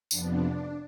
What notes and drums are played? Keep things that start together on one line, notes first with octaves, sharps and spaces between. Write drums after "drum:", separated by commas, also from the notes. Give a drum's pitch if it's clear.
F2 C3 F3 B3 D4, drum: tambourine